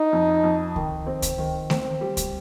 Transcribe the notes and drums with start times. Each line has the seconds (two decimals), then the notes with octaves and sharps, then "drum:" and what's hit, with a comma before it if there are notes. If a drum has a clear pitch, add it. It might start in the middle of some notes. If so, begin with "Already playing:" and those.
Already playing: D#4
0.13 F2
0.44 F2
0.76 D#3, drum: kick C#2
1.07 C4
1.22 drum: kick C#2, hi-hat
1.38 D#3
1.70 C4, drum: snare A3
2.01 G3
2.17 drum: kick C#2, hi-hat